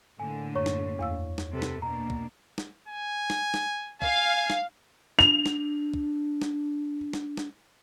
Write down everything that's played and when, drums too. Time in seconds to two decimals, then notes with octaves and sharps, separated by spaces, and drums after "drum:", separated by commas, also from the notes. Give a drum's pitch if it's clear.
0.20 A2 D3 A#3 G#5
0.55 F#2 C#5 C#6
0.66 drum: snare
0.99 E2 F5 E6
1.38 drum: snare
1.52 C3 A4 B4
1.62 drum: snare
1.82 B2 A#3 D4 A#5
2.10 drum: kick
2.58 drum: snare
2.88 G#5
3.30 drum: snare
3.54 drum: snare
4.02 F5 G#5, drum: kick
4.50 drum: snare
5.19 D4 F7, drum: snare
5.46 drum: snare
5.94 drum: kick
6.41 drum: snare
7.13 drum: snare
7.37 drum: snare